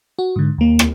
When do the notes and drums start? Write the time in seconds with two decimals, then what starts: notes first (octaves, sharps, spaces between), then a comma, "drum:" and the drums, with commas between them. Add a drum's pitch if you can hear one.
0.19 F#4
0.36 G#2 D3
0.58 D#2 A#3
0.79 drum: rim click